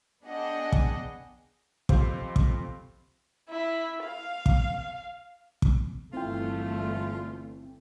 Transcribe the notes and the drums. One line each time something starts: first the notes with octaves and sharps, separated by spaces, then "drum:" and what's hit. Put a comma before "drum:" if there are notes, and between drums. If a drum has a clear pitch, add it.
B3 D4 G#4 D#5 F#5 G5
drum: kick
F2 C4 G4 C5 F5 C6, drum: kick
drum: kick
E4
F5
drum: kick
drum: kick
G1 E3 A3 C4 E4 F4 G5